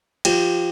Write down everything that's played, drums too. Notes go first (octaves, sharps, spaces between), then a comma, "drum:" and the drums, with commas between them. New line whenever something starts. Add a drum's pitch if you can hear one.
F3 G4, drum: cymbal